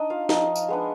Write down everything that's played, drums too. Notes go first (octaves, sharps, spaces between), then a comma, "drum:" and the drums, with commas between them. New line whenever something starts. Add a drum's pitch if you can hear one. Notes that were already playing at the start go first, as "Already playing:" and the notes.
Already playing: D4 D#4 D#5
F4 F5
F3 D#4 D#5, drum: snare
drum: tambourine
G#3 B3 D4